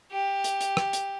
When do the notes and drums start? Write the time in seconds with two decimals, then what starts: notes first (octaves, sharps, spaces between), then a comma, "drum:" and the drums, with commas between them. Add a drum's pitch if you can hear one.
0.12 G4
0.44 drum: hi-hat
0.61 drum: hi-hat
0.77 drum: rim click
0.93 drum: hi-hat